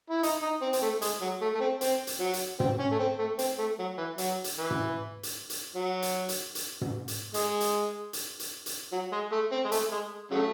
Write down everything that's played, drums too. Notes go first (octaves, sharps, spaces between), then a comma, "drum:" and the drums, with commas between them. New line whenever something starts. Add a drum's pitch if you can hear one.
E4
D#4, drum: hi-hat
D#4
C4
C4, drum: hi-hat
A3
G#3, drum: hi-hat
F#3
A3
A3
C4
C4, drum: hi-hat
drum: hi-hat
F#3
drum: hi-hat
C4, drum: tom
C#4
A3
C4
A3
C4, drum: hi-hat
A3
F#3
E3
F#3, drum: hi-hat
drum: hi-hat
E3
drum: tom
drum: hi-hat
drum: hi-hat
F#3
drum: hi-hat
drum: hi-hat
drum: hi-hat
drum: tom
drum: hi-hat
G#3, drum: hi-hat
drum: hi-hat
drum: hi-hat
drum: hi-hat
drum: hi-hat
F#3
G#3
A3
C4
G#3
A3, drum: hi-hat
G#3
C#3 F#3 A3